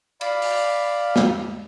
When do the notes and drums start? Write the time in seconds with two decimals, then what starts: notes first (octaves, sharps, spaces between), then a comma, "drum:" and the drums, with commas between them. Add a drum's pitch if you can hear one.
0.21 D5 F5 B5, drum: cymbal
0.42 drum: open hi-hat
1.16 drum: snare